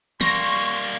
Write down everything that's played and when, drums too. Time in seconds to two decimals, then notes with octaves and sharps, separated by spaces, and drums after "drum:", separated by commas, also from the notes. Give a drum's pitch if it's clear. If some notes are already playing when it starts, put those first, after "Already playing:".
0.21 G3 A#3 C6 C#6 A#6, drum: snare
0.34 drum: hi-hat
0.48 drum: hi-hat
0.62 drum: hi-hat
0.76 drum: hi-hat